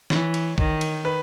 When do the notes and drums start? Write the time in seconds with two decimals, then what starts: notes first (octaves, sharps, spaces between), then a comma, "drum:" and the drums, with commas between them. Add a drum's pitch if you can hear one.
0.10 E3 C#5, drum: snare
0.34 drum: cymbal
0.58 D#3, drum: kick
0.81 drum: cymbal
1.05 B4